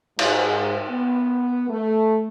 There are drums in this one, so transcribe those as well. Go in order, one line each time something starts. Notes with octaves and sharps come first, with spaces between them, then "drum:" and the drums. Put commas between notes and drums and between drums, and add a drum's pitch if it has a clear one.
G#2, drum: cymbal
B3
A3